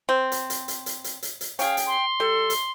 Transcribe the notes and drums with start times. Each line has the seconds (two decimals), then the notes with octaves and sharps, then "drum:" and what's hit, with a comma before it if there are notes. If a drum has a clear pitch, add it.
0.09 C4
0.32 drum: hi-hat
0.50 drum: hi-hat
0.68 drum: hi-hat
0.86 drum: hi-hat
1.04 drum: hi-hat
1.23 drum: hi-hat
1.41 drum: hi-hat
1.59 C#4 G#4 F5 G5, drum: hi-hat
1.77 drum: hi-hat
1.87 C6
2.20 G3 A4
2.50 drum: hi-hat